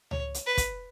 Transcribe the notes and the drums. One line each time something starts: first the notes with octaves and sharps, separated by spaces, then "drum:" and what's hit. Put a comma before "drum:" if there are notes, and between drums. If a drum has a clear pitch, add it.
C#5, drum: tom C#2
drum: hi-hat
B4
drum: kick, hi-hat